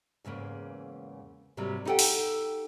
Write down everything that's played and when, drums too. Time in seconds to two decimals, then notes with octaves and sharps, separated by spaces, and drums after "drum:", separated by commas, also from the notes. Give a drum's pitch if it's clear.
0.25 E2 G#2 C#3 A#3
1.57 G#2 C3 F#3 G3 A#3
1.85 D#4 E4 G4 A4 F#5 G5
1.99 drum: open hi-hat